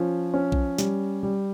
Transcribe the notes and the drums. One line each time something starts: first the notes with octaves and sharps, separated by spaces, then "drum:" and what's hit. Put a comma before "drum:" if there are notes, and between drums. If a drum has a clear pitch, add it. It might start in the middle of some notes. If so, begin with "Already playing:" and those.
Already playing: F3 C#4
C#4
drum: kick B1
G3, drum: snare
G3